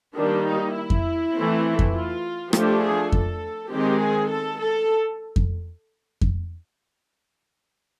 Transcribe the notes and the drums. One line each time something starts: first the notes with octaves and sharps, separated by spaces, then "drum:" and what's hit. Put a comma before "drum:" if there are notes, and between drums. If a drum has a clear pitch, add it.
D#3 G3 A#3 D4
D#4
E4
drum: kick F2
E3 A3 C4
drum: kick F2
F4
F3 A3 D4 G4, drum: rim click
G#4
A4, drum: kick F2
D#3 G#3 C4 G4
G#4
A4
A4
drum: kick F2
drum: kick F2